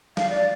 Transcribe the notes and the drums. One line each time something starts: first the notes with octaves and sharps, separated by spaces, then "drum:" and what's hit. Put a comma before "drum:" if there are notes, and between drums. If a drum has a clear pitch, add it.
F5, drum: snare
D5